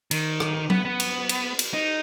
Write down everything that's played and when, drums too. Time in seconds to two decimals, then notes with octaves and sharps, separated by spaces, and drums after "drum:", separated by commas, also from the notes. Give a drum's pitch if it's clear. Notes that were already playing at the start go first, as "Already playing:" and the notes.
0.11 D#3, drum: cymbal
0.40 drum: rim click
0.70 B3, drum: tom F#3
0.85 B3
1.00 drum: cymbal
1.29 drum: cymbal
1.59 drum: cymbal
1.74 D#4